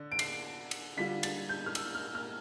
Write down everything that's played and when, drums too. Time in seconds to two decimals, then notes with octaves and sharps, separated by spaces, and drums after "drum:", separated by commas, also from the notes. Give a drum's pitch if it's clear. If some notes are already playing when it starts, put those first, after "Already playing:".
Already playing: D3 D4
0.12 D7
0.19 C7, drum: cymbal
0.71 drum: cymbal
0.97 D3 G3 D4 F4 B6
1.23 A6, drum: cymbal
1.49 G6
1.66 F6
1.75 E6, drum: cymbal
1.95 F6
2.15 F6